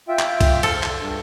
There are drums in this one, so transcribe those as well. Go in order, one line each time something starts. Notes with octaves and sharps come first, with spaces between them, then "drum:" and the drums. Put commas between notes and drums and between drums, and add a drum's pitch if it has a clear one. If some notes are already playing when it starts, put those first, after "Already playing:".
F4 E5 G5
drum: clap
drum: kick, cymbal
A4 C5 F6, drum: cymbal
D3, drum: clap
G2